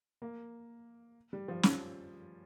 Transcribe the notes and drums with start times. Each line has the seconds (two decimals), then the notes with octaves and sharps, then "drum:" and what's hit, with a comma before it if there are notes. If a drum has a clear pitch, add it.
0.22 A#3
1.33 G3
1.48 F3
1.63 C#4, drum: snare